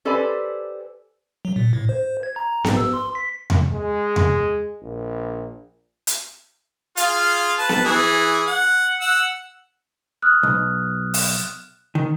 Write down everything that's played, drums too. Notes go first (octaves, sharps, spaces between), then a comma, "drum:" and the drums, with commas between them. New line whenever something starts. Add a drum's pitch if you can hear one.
G4 A4 B4 C5 D5 G#5
F#3
A#2
A2
C5
G#6
A#5
G#2, drum: snare B3
E6
C6
B6
drum: tom E2
G#3
drum: tom E2
A#1
drum: hi-hat
F4 G#4 F5, drum: hi-hat
B4 A5
drum: snare B3
E3 G#4
F#5
F#5 E6
D#6 F6 F#6
B1
drum: open hi-hat
D#3